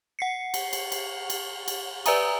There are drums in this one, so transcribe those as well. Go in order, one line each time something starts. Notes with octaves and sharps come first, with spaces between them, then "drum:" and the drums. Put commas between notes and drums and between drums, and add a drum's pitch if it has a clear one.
F#5 C7 C#7
drum: cymbal
drum: cymbal
drum: cymbal
drum: cymbal
drum: cymbal
B4 D5 E5 G#5 A#5 D#6, drum: cymbal